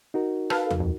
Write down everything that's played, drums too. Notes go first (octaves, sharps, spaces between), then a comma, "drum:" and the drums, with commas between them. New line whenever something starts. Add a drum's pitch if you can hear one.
D#4 F#4 A#4
A4 B4 F5, drum: rim click
drum: tom D#2
F2